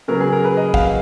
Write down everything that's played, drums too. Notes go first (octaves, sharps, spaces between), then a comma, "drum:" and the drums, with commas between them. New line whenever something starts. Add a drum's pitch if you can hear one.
C#3 F#3 B3 A#4
G#4
A#4
B4
D#5
F5, drum: kick